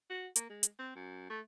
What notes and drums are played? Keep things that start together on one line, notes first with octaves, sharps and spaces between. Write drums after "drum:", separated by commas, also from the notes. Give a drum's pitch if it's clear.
F#4
A#3, drum: hi-hat
G#3
drum: hi-hat
C4
F#2
A3